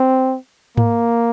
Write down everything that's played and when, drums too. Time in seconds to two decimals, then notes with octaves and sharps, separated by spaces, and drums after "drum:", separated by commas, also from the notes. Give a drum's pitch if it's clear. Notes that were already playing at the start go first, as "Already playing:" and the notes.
Already playing: C4
0.77 A#3, drum: tom G#2